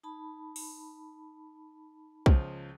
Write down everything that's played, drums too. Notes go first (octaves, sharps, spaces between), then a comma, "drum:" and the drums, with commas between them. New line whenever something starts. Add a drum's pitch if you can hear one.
D#4 A5 B5
drum: open hi-hat
C#2 F3, drum: kick B1